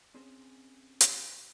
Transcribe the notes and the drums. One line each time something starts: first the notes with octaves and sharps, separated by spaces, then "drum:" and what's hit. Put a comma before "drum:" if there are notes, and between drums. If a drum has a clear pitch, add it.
C4 C#4 G#4 C5
drum: hi-hat